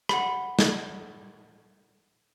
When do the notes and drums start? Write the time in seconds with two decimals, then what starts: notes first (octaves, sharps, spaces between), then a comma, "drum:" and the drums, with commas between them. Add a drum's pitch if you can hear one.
0.09 F#5 B5, drum: rim click
0.59 drum: snare